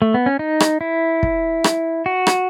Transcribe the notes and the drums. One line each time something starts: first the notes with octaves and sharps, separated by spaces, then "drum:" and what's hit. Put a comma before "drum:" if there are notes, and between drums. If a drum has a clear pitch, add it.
A3
B3
C#4
D#4
drum: rim click
E4
drum: kick
drum: rim click
F#4
drum: rim click